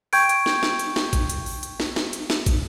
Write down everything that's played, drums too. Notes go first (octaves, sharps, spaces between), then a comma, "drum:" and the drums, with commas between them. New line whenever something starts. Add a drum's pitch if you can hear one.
G5 C#6 G6 G#6 D7, drum: open hi-hat
drum: hi-hat
drum: snare
drum: snare
drum: hi-hat
drum: snare
drum: kick, hi-hat
drum: hi-hat
drum: open hi-hat
drum: hi-hat
drum: snare
drum: snare
drum: hi-hat
drum: snare
drum: kick, hi-hat